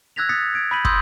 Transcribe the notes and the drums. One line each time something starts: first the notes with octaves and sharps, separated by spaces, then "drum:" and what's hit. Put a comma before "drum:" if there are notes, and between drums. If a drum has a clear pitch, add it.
E6 F#6 G#6 A#6 B6 F7
D#6 A6 B6 C#7
G#6 D7
B5 G6 B6 D#7 F#7
C6 D#6 E6 G6 A#6, drum: kick